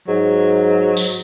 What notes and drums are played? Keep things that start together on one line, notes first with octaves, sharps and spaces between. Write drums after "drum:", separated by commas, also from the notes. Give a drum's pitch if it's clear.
G#2 F#3
drum: tambourine